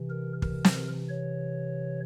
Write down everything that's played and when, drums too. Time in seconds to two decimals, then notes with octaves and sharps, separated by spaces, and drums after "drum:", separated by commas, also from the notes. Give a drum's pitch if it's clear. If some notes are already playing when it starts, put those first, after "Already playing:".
Already playing: C3 E3
0.10 A#4
0.42 A#4, drum: kick
0.65 drum: snare
1.09 C#5